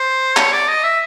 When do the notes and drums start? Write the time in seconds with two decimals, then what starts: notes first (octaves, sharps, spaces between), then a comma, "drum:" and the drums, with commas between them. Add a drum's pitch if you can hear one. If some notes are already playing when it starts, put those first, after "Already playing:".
Already playing: C5
0.37 C#5, drum: clap
0.52 D5
0.68 D#5
0.83 E5